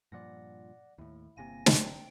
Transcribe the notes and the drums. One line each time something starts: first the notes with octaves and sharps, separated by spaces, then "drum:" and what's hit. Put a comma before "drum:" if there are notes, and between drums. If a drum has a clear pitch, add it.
G2 A#2 F3 D5 F#5 A#6
D#2 A2 E4
G1 C3 A#3 G#5 A#6
drum: snare
D4 C5 G5 A#5